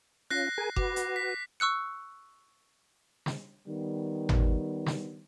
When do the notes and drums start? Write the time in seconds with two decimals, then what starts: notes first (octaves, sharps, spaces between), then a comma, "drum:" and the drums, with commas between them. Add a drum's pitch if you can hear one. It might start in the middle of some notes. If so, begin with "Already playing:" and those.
0.30 C#4 F4 F#6 A#6 C7
0.58 G#4 A#4 G#5
0.76 F#4 B4 D6, drum: kick F#1
0.96 drum: hi-hat
1.16 B6
1.60 C#6 E6 F#6 C#7
3.26 drum: snare
3.66 D#3 G3 B3
4.29 drum: tom G#1
4.86 drum: snare